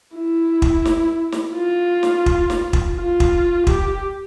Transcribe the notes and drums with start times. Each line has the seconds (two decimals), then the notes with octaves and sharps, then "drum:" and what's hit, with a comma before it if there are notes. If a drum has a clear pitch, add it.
0.15 E4
0.62 drum: kick
0.85 drum: snare
1.32 drum: snare
1.56 F4
2.03 drum: snare
2.26 drum: kick
2.50 drum: snare
2.73 drum: kick
2.96 F4
3.20 drum: kick
3.67 G4, drum: kick